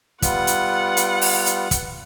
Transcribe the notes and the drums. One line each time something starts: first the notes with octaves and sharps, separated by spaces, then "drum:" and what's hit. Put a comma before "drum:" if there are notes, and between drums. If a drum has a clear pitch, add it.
G3 B3 F4 F#5, drum: kick, hi-hat
drum: hi-hat
drum: hi-hat
drum: open hi-hat
drum: hi-hat
drum: kick, hi-hat